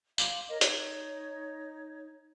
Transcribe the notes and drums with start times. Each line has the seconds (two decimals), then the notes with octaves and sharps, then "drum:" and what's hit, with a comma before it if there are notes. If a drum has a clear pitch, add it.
0.18 F5 C6 D6, drum: tambourine
0.49 A#4 C#5 D#5
0.61 D#4 C#5, drum: hi-hat